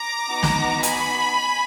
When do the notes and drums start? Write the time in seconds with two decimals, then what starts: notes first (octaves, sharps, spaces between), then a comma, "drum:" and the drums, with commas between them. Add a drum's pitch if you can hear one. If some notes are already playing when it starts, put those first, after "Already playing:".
Already playing: A#5 D6
0.28 B3 D#4 F#4
0.43 drum: snare
0.83 G#5 B5, drum: hi-hat